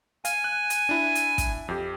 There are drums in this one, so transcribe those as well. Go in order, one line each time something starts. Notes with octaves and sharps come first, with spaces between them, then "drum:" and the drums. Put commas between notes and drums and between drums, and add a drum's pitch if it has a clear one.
F5 G#5, drum: hi-hat
F#6
drum: hi-hat
D4 E4
drum: hi-hat
drum: kick, hi-hat
F2 G4